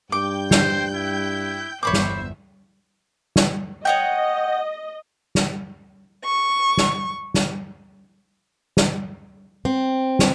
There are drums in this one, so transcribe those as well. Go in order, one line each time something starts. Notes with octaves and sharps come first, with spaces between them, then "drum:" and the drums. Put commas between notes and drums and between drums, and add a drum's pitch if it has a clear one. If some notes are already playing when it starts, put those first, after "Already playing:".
G2 G5 D6 G6
C5, drum: snare
E4
G1 E2 C5 C#5 E5 B5 D6
drum: snare
drum: snare
C#5 D#5 F#5 G5
drum: snare
C#6
drum: snare
drum: snare
drum: snare
C4
drum: snare